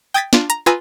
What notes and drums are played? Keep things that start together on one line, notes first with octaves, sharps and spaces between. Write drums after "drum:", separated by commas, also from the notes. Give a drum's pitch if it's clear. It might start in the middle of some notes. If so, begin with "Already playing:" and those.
G5 D#6 G#6 A6 B6
D4 F4, drum: snare
A#5, drum: hi-hat
F4 B4 G#5 A#5 D#6 E6